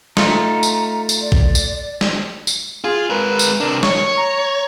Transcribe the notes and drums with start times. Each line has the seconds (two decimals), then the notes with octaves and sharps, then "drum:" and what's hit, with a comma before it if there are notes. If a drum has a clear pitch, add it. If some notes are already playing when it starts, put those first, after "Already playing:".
0.17 A3 D#4 F4 A#5, drum: snare
0.63 drum: tambourine
1.09 drum: tambourine
1.21 D5
1.32 drum: kick
1.55 drum: tambourine
2.01 drum: snare
2.47 drum: tambourine
2.84 F4 G#4
3.10 G#3 A#4 B4
3.39 drum: tambourine
3.60 C3 D4 A#4
3.83 C#5 C#6, drum: snare
4.17 A#5